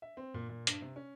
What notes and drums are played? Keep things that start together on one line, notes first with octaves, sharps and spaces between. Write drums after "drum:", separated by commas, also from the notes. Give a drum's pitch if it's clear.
E5
C4
A#2
A#2
G2, drum: hi-hat
C3
C#4